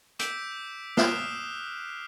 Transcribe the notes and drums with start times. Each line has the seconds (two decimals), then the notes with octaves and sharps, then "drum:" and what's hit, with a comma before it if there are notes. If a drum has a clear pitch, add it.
0.19 D6 E6 G6 B6 D7, drum: hi-hat
0.97 D#6 F6 F#6 C7 E7, drum: snare